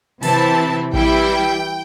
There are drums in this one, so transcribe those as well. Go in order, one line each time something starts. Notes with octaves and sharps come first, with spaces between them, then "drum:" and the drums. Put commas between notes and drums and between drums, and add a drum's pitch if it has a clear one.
C3 E3 C4 E4 A5, drum: open hi-hat
E3 G3 E4 G5, drum: kick A1